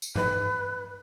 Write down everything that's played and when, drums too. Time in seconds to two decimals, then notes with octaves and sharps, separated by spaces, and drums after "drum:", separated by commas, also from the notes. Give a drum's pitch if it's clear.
0.02 drum: tambourine
0.15 B4, drum: tom G2